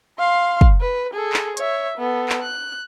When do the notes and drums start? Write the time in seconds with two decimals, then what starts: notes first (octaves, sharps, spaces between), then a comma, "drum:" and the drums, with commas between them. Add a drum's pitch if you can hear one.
0.19 F5 C6
0.61 drum: kick
0.81 B4
1.13 G#4 A4
1.33 drum: clap
1.57 C#5 E5, drum: hi-hat
1.98 B3 A4
2.29 drum: clap
2.42 F#6